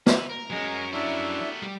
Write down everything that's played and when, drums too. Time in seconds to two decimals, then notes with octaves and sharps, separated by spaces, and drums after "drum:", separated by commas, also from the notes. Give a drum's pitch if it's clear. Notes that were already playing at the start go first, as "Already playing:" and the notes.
0.06 B4 E5, drum: snare
0.29 A#4
0.50 F#3 G#3 C#4
0.93 A3 B3 D4 E4 F#4 G4 A#4 E5
1.63 G3